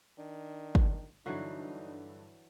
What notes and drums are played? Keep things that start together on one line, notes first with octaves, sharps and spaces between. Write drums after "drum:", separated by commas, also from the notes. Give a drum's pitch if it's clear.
D#3 D4
drum: kick
G2 D3 E3 F#3 D4 D#4 F#4 C7